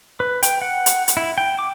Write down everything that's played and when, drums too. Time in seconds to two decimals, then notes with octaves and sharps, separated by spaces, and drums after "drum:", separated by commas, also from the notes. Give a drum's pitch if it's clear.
0.20 B4
0.43 G5, drum: hi-hat
0.62 F#5
0.86 drum: hi-hat
1.08 drum: hi-hat
1.17 E4
1.38 G5
1.59 D6